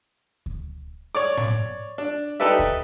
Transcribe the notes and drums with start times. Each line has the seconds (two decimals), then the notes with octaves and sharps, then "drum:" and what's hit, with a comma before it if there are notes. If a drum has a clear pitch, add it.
0.46 drum: kick D2
1.15 C#5 D5 D6
1.37 drum: tom A2
1.98 D4
2.40 D#4 G4 A4 B4 D5 E5
2.59 drum: kick D2